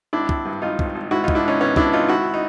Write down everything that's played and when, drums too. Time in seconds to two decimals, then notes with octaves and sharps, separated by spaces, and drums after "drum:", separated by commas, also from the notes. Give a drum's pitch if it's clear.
0.13 G#1 D4 E4
0.29 G#1, drum: kick
0.45 G2
0.62 G#1 D#4 F4
0.79 G#1, drum: kick
0.95 G#1
1.11 G#2 E4 F#4
1.23 D#4 F4
1.28 G#2, drum: kick
1.35 D4 E4
1.44 G#2 C#4 D#4
1.60 G#1 B3 C#4
1.76 G#1 D4 E4, drum: kick
1.93 G#1 D#4 F4
2.09 G#1 E4 F#4
2.34 D#4